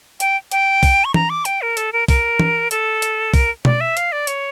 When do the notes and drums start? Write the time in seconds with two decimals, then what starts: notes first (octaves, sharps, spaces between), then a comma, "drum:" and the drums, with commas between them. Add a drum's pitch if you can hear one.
0.20 G5, drum: hi-hat
0.52 G5, drum: hi-hat
0.83 drum: kick, open hi-hat
1.05 C#6
1.14 A#5, drum: tom E3
1.30 D6
1.45 G5, drum: hi-hat
1.62 A#4
1.77 A4, drum: hi-hat
1.93 A#4
2.08 A#4, drum: kick, open hi-hat
2.40 drum: tom E3
2.71 A4, drum: hi-hat
3.02 drum: hi-hat
3.34 A#4, drum: kick, open hi-hat
3.65 D5, drum: tom B2
3.81 E5
3.97 F5, drum: hi-hat
4.12 D5
4.27 C#5, drum: hi-hat